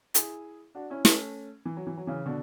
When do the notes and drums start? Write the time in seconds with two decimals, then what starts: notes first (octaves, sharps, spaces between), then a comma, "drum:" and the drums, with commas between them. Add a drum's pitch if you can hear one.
0.14 E4 G#4, drum: hi-hat
0.75 D4 F#4
0.90 C#4 E4
1.05 A3 C#4, drum: snare
1.65 E3
1.77 F#3
1.87 E3
1.97 F#3
2.07 C#3 E3
2.26 B2 D3